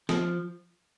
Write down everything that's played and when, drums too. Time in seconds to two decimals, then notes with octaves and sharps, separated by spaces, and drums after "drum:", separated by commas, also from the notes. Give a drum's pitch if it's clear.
0.09 F3, drum: snare